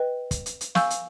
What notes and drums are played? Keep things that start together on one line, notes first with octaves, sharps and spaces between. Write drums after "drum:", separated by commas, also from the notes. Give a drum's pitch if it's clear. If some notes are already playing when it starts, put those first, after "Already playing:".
Already playing: B4 D#5 G5
drum: kick, hi-hat
drum: hi-hat
drum: hi-hat
F5 G#5 C#6 E6 G6, drum: snare
drum: hi-hat